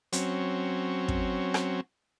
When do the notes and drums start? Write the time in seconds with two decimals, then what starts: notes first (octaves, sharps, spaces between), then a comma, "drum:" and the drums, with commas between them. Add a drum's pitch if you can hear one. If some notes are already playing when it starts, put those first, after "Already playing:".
0.12 F#3 C4 C#4, drum: hi-hat
1.08 drum: kick
1.54 drum: rim click